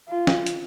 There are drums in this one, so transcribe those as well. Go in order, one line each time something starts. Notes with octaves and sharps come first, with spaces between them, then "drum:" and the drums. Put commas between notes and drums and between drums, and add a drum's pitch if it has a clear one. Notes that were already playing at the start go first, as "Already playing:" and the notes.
F4
drum: snare
drum: hi-hat